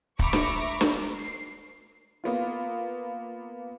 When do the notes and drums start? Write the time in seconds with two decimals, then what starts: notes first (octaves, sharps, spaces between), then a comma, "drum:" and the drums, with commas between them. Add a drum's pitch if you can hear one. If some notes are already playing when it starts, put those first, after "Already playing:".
0.19 E5 A#5 B5 C#6 D6, drum: kick
0.33 drum: snare
0.81 A#4, drum: snare
1.17 C7
2.24 A#3 B3 F4